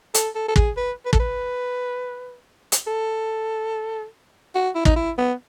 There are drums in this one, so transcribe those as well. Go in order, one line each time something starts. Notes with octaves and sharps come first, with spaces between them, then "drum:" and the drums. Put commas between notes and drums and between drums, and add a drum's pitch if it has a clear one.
A4, drum: hi-hat
A4
A4
G#4, drum: kick
B4
B4
A4, drum: kick
B4
drum: hi-hat
A4
F#4
E4
D#4, drum: kick
E4
B3